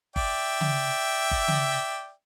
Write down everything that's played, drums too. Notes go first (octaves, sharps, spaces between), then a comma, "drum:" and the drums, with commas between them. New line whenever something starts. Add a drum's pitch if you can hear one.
D5 E5 G5, drum: kick G1
drum: tom C#3
drum: kick G1
drum: tom C#3